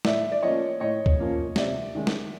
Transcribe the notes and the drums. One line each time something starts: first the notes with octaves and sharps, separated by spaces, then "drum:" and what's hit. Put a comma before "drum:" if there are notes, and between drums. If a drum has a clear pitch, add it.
A2 D5 E5, drum: snare
D5
F3 A#3 C#4 C#5 D#5
A2 C#5 D#5
drum: kick
F3 A#3 C#4
C3 D5 E5, drum: snare
D#3 G#3 C#4
drum: snare